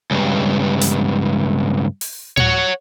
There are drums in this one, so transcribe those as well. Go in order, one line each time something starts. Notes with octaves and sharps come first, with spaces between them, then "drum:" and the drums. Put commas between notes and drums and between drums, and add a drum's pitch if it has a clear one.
C#2 G2
drum: hi-hat
drum: open hi-hat
C#5 F#5, drum: tom A2